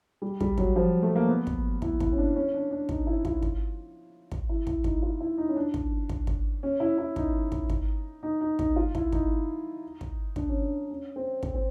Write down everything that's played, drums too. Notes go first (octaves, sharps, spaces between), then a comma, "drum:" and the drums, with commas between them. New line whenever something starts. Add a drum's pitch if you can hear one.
G3
G3, drum: kick
F#3, drum: kick
F3
A3
A#3
B3
drum: kick
E4, drum: kick
E4, drum: kick
C#4
D4
C#4
D4
D4
D#4, drum: kick
E4
F4, drum: kick
drum: kick
drum: kick
E4
E4, drum: kick
D#4, drum: kick
F4
E4
D#4
C#4
D4
drum: kick
drum: kick
drum: kick
C#4
E4
E4
D#4, drum: kick
drum: kick
drum: kick
D#4
D#4
D#4, drum: kick
F4
E4, drum: kick
D#4, drum: kick
drum: kick
D4, drum: kick
C#4
D4
C#4
C4
C4, drum: kick
C4